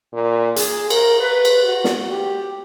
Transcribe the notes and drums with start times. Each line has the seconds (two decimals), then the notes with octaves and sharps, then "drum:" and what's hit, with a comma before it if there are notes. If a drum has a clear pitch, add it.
0.13 A#2
0.56 G#4, drum: hi-hat
0.90 A#4, drum: cymbal
1.20 B4
1.45 drum: cymbal
1.64 F#4
1.84 drum: snare
2.11 G4